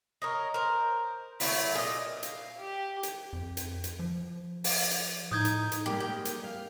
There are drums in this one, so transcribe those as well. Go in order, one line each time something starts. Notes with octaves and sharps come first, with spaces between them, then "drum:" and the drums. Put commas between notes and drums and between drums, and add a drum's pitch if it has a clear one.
A#4 C#5 D#5
A#4 C5
F#3 A3 C4 E4, drum: open hi-hat
A#2 G#4 D#5
F5, drum: hi-hat
G4
drum: hi-hat
F2
drum: hi-hat
drum: hi-hat
F3
drum: open hi-hat
drum: hi-hat
A2 D#4 D#6 G6 G#6
drum: hi-hat
drum: hi-hat
G3 G#3 A#3 G4
G5
drum: hi-hat
F5